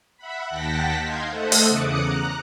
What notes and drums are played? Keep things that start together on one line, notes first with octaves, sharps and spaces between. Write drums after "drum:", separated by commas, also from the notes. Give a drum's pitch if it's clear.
E5 F#5 B5
D#2 F#5 G5 A5 A#6 B6
D#4 F5 C6 G6 G#6
A3 A4 C5 D#5 E5 F#5
drum: open hi-hat
E2 C#3 D6 D#6 F#6 C#7
A#5 F#6